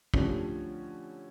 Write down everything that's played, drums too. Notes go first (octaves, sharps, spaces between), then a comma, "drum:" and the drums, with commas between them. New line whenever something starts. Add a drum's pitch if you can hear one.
D3 F3 G3 A3 C4 C#4, drum: kick